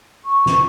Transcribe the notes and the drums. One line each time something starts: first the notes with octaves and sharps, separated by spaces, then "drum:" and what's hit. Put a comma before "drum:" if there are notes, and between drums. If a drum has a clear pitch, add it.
C#6
drum: snare